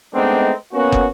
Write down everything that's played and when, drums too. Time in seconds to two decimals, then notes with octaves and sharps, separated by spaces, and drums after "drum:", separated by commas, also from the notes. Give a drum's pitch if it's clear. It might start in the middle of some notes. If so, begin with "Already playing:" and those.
0.13 G#3 A3 B3 C4 D4 D#4
0.73 A#3 B3 C#4 F#4
0.92 drum: kick